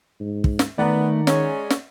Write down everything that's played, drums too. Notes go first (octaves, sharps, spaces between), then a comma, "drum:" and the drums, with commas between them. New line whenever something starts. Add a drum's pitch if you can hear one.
G#2
drum: kick
drum: snare
D#3 A3 B3 D5 F#5 A#5
G#3 C#4 C#5, drum: snare
drum: snare